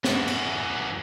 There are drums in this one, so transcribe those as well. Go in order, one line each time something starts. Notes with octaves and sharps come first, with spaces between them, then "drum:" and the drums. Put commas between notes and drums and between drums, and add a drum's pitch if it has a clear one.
F#2 E3, drum: snare
drum: cymbal